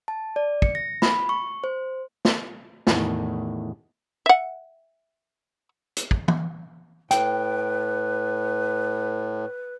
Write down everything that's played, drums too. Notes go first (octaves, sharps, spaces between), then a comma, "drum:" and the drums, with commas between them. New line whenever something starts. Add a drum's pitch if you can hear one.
A5
D5
C#7, drum: kick
A#6
B5, drum: snare
C#6
C5
drum: snare
E2 A2 D#3, drum: snare
E5 F#5
drum: hi-hat
drum: kick
drum: tom
A2 B4 G5, drum: hi-hat